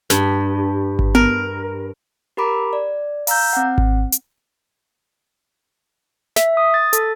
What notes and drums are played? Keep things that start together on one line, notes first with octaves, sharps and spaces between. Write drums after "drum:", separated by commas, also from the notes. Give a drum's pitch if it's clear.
G2, drum: snare
drum: kick G#1
A#4, drum: tom B3
G4 A#4 A#5 B5 D6
D5
F5 A#5 E6 G6, drum: open hi-hat
C4 F#5
drum: kick G#1
drum: hi-hat
E5, drum: snare
D#6
A6
A4, drum: hi-hat